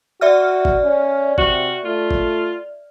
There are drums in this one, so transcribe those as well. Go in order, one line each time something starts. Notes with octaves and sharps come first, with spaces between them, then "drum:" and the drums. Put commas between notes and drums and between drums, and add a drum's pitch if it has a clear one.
F#4 D5 E5 F6
drum: kick G#1
C#4
C3 F#4, drum: kick G#1
A3 F4
drum: kick G#1